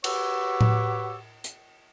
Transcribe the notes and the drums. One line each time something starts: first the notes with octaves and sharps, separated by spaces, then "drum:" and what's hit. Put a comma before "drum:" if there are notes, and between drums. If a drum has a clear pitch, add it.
F#4 G4 B4 C#5 D6 E6, drum: cymbal
drum: tom A2
drum: hi-hat